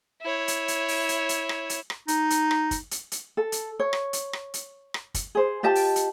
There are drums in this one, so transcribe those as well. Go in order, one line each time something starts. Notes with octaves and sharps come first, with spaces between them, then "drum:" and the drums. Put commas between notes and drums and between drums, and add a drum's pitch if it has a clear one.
E4 C#5
drum: hi-hat
drum: hi-hat
drum: open hi-hat
drum: hi-hat
drum: hi-hat
drum: rim click
drum: hi-hat
drum: rim click
D#4, drum: hi-hat
drum: hi-hat
drum: rim click
drum: kick, hi-hat
drum: hi-hat
drum: hi-hat
A4
drum: hi-hat
C#5
drum: rim click
drum: hi-hat
drum: rim click
drum: hi-hat
drum: rim click
drum: kick, hi-hat
G#4 C5
F4 G4 D#5 A5
drum: open hi-hat
drum: hi-hat